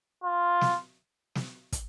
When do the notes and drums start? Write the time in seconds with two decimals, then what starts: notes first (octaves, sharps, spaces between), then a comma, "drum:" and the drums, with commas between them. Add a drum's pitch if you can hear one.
0.24 F4
0.61 drum: snare
1.35 drum: snare
1.72 drum: kick, hi-hat